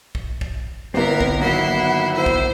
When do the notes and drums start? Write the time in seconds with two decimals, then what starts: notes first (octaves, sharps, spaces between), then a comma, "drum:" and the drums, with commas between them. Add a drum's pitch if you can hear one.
0.15 drum: kick
0.41 drum: kick
0.94 G1 A#3 C4 E4 A#4 B4
1.21 drum: kick
1.41 D#3 F#3 B3 E4 F#5 C6
2.15 E4 C5
2.26 drum: kick